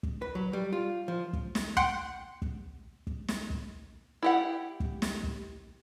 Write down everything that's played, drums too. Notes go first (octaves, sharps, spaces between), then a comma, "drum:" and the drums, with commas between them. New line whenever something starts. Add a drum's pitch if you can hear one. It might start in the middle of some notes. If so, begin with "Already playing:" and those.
drum: kick
B4
F#3
G3
F4
F3
drum: kick
drum: snare
F#5 G5 C6, drum: kick
drum: kick
drum: kick
drum: snare
drum: kick
E4 G4 F#5
drum: kick
drum: snare
drum: kick